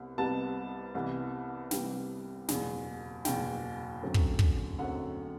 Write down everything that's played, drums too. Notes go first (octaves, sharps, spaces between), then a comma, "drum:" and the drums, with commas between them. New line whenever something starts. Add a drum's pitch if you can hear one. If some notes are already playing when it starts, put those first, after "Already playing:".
Already playing: C2 C3 B3
C2 C3 G3 B3 A5
C2 C3 E3 G3 B3
C2 C3 E3 G3 B3 G5, drum: snare
F#1 E2 B2, drum: snare
F#1 E2 B2 G5, drum: snare
F#2 D3 F#3 A3 C4
drum: kick
drum: kick
F#2 D3 F#3 A3 C4 F#5